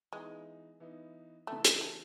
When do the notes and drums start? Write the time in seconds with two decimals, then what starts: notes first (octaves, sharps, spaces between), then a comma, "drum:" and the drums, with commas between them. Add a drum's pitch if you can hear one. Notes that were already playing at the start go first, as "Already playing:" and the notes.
0.12 E3 G#3 B3 D#4
0.80 E3 B3 D#4
1.47 C#3 E3 A3 B3
1.64 G#3, drum: hi-hat
1.81 A3